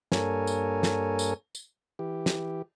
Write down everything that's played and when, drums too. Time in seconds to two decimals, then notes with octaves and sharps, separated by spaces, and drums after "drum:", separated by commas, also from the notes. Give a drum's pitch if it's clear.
0.12 G2 A#3 A4 A#4 C#5 G#5, drum: snare
0.47 drum: tambourine
0.83 drum: snare
1.19 drum: tambourine
1.55 drum: tambourine
1.99 E3 G4
2.26 drum: snare